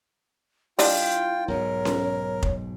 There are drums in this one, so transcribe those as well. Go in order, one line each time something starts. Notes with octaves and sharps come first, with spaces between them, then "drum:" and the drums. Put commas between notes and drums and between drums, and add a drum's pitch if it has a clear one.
G3 D4 E4 F4 D#5 G5, drum: open hi-hat
B1 G#2 B2 A#4 C#5
drum: snare C#4
drum: kick F1